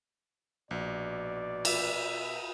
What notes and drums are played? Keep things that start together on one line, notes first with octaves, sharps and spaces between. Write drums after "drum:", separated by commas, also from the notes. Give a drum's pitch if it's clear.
A#1 B2 D5
E5, drum: cymbal